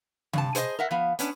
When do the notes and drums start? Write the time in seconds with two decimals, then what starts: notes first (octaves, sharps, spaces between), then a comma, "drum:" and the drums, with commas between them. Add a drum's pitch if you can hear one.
0.33 G2 C3 A5, drum: tom C3
0.55 G#4 C5 C#5 D#5, drum: hi-hat
0.79 A#4 E5 F#5
0.91 F3 B3 F5
1.19 B3 C#4 D4, drum: hi-hat